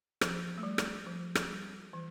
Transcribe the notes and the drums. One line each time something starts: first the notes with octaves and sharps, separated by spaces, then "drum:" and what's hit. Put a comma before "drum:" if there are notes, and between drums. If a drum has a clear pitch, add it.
F3, drum: rim click
A3
G3
drum: rim click
F3
drum: rim click
G3
E3